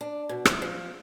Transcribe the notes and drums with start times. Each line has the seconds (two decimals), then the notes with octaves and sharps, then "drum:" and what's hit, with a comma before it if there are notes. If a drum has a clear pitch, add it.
0.01 D4
0.29 B2
0.45 E4, drum: rim click
0.62 F3